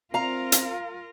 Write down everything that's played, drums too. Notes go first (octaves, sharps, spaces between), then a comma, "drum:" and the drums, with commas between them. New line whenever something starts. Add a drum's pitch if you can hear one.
C4 F4 A#4 F5 A#5
drum: hi-hat